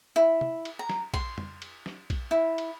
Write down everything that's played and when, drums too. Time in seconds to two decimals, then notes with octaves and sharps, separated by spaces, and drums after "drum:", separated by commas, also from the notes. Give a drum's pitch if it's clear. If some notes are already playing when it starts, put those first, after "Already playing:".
0.16 E4
0.41 drum: tom
0.65 drum: cymbal
0.79 A#5
0.89 drum: snare
1.14 C6, drum: kick, cymbal
1.38 drum: tom F2
1.62 drum: cymbal
1.86 drum: snare
2.10 drum: kick, cymbal
2.31 E4
2.58 drum: cymbal